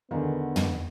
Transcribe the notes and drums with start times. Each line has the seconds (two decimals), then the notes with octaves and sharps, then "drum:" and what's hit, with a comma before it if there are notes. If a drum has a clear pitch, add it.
0.11 E2 D3 D#3 B3
0.56 drum: tom